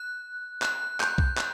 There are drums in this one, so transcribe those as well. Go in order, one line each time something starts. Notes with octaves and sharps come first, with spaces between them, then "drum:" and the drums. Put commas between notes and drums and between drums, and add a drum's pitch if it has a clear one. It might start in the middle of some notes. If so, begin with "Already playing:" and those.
Already playing: F#6
F#6, drum: clap
G6, drum: clap
drum: kick B1
F#6, drum: clap